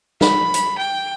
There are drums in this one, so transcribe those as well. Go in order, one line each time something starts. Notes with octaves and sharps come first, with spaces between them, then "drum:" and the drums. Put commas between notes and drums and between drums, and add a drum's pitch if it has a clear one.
B5, drum: snare
drum: hi-hat
G5